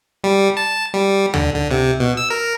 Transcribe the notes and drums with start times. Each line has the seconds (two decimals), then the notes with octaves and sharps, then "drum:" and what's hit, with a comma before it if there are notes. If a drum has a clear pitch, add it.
0.24 G3
0.57 A5
0.94 G3
1.34 D3, drum: tom D2
1.55 D3
1.71 C3
2.00 B2
2.17 E6
2.30 A#4